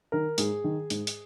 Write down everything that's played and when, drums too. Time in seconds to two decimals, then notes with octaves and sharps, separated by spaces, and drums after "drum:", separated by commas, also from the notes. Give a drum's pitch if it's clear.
0.12 D#3 A#4
0.38 G#2 G#4, drum: hi-hat
0.64 D#3
0.90 G#2, drum: hi-hat
1.07 drum: hi-hat